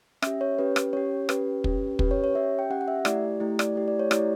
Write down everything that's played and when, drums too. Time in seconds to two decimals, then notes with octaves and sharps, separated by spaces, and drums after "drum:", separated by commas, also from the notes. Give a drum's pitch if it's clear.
0.22 C#4 G4 E5, drum: rim click
0.41 C#5
0.59 C#4 G4 B4
0.76 drum: rim click
0.93 C#4 G4 C#5
1.29 C#4 G4 B4, drum: rim click
1.64 C#4 G4, drum: kick
1.99 C#4 G4 B4, drum: kick
2.11 C#5
2.24 C#5
2.35 C#4 G4 E5
2.59 G5
2.70 C#4 G4 F#5
2.81 F#5
2.88 E5
3.05 A3 E4 G4 D5, drum: rim click
3.40 A3 E4 G4
3.59 D5, drum: rim click
3.75 A3 E4 G4
3.88 D5
3.99 C#5
4.11 A3 E4 G4 D5, drum: rim click